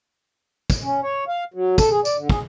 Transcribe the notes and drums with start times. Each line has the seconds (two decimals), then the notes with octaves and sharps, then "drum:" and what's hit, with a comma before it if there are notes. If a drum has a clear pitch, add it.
0.70 drum: kick, tambourine
0.83 C#4
1.03 C#5
1.28 F5
1.54 F#3
1.78 A4, drum: kick, tambourine
1.91 G#4
2.05 D5, drum: tambourine
2.17 D3
2.30 G#4, drum: kick